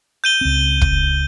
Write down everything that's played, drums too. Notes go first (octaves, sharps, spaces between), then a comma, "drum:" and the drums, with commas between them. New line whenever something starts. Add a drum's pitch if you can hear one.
G6 D#7 G7
C#2 C4
drum: kick